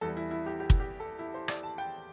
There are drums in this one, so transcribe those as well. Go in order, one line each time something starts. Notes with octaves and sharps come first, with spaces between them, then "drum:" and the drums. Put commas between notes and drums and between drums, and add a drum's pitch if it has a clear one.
E2 E3 G3 A4
E4
E4
G4
G4
drum: kick
G4
A4
E4
C5
D5, drum: rim click
A5
G5